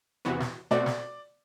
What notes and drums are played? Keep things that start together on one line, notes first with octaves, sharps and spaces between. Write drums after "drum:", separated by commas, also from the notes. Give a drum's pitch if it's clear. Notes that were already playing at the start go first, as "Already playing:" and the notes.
E2 C3 E3 B3 F#4
drum: snare
B2 A3 C4 F#4 D5
drum: snare